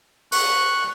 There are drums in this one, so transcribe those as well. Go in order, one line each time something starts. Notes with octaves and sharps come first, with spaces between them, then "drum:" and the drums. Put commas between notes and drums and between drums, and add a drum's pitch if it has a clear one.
C#6 F#6, drum: open hi-hat